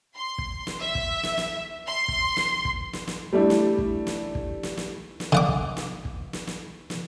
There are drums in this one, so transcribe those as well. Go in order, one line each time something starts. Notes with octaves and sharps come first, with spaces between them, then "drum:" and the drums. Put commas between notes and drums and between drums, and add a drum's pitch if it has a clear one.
C6
drum: kick
drum: snare
E5
drum: kick
drum: snare
drum: snare
C6
drum: kick
drum: snare
drum: kick
drum: snare
drum: snare
G3 A3 D4 E4
drum: snare
drum: kick
drum: snare
drum: kick
drum: snare
drum: snare
drum: snare
D3 F#5 D6
drum: kick
drum: snare
drum: kick
drum: snare
drum: snare
drum: snare